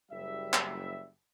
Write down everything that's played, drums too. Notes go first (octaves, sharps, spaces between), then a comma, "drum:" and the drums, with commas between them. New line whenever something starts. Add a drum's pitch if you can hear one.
F#1 G3 E5
drum: clap